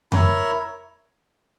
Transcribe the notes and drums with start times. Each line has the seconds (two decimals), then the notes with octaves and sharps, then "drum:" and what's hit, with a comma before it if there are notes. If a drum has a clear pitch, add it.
0.12 E4 A#4 C#5 E5, drum: tom F2